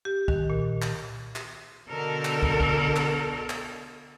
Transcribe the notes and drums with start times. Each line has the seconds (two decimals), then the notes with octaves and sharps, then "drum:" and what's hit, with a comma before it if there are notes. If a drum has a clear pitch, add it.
0.05 G4
0.28 D#3, drum: kick
0.50 A#2
0.82 drum: clap
1.36 drum: clap
1.89 B2 D3 A4 A#4
2.25 drum: clap
2.43 drum: kick
2.60 drum: kick
2.96 drum: clap
3.50 drum: clap